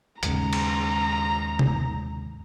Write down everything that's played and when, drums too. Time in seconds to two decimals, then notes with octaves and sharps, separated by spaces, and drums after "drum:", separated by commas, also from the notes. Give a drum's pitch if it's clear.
0.23 D#2 G#2 C#3 A#5, drum: hi-hat
0.53 drum: cymbal
1.59 drum: tom